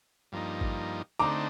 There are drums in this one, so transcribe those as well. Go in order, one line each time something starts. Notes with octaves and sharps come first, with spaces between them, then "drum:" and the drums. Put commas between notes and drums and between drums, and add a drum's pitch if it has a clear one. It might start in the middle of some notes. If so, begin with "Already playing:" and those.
G2 F3 A#3 D#4
drum: kick G#1
D3 A3 C4 D#4 A#5 D6